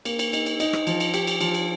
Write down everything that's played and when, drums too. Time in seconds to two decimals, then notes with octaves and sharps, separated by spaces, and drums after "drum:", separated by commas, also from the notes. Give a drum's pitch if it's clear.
0.05 A#3, drum: cymbal
0.19 drum: cymbal
0.33 D#4, drum: cymbal
0.46 drum: cymbal
0.60 D#4, drum: cymbal
0.73 drum: rim click
0.87 F3, drum: cymbal
1.00 drum: cymbal
1.14 G4, drum: cymbal
1.27 drum: cymbal
1.41 F3, drum: cymbal
1.54 drum: cymbal